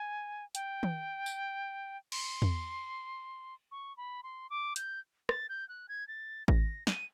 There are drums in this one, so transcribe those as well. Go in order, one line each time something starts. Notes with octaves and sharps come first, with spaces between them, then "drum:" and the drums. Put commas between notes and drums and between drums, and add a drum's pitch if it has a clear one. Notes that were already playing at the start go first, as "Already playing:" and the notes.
Already playing: G#5
G5, drum: hi-hat
drum: tom D#3
drum: tambourine
C6, drum: cymbal
drum: tom E2
C#6
B5
C6
D6
G6, drum: hi-hat
A6, drum: rim click
G6
F#6
G#6
A6
A#6, drum: kick A1
D#7, drum: snare